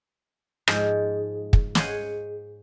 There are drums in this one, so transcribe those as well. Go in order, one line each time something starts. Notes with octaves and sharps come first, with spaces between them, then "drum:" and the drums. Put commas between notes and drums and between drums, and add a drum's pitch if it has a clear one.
G#2 F3 G#3, drum: rim click
drum: kick
G#4 C5 C#5 D#5 F5 F#5, drum: snare